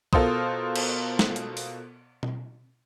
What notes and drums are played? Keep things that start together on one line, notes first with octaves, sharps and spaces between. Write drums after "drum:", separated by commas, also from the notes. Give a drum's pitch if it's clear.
B2 F4 A4 A#4 C5 D#6, drum: kick B1
drum: cymbal
drum: snare
drum: hi-hat
drum: open hi-hat
drum: tom B2